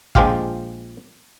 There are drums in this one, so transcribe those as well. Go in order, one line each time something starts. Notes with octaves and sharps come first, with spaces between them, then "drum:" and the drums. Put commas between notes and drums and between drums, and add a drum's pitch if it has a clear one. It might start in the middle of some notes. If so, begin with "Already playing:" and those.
A#1 F3 G#3 F4 G4 F5, drum: kick